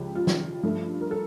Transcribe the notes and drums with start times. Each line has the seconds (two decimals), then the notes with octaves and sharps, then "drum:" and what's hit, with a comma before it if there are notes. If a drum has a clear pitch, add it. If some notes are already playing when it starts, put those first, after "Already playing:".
Already playing: C#2 C#3 F3 G4
0.15 F4
0.27 drum: snare
0.63 G2 F3 A3
1.01 A#4
1.11 A4